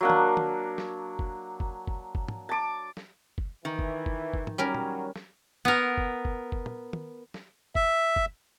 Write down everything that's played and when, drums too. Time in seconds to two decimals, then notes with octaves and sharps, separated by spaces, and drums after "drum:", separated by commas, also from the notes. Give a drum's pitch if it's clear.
0.01 F#3 A#3 D4
0.10 drum: tom
0.37 drum: tom
0.78 drum: snare
1.19 drum: kick F#1
1.60 drum: kick F#1
1.87 drum: kick F#1
2.15 drum: kick F#1
2.28 drum: tom
2.49 A5 D6
2.97 drum: snare
3.38 drum: kick F#1
3.65 D#3 E3
3.79 drum: kick F#1
4.06 drum: kick F#1
4.34 drum: kick F#1
4.47 drum: tom
4.58 F#3 G3 C#4 A#4
4.75 drum: tom
5.16 drum: snare
5.65 B3 A#4
5.98 drum: kick F#1
6.25 drum: kick F#1
6.52 drum: kick F#1
6.66 drum: tom
6.93 drum: tom
7.34 drum: snare
7.75 E5, drum: kick F#1
8.16 drum: kick F#1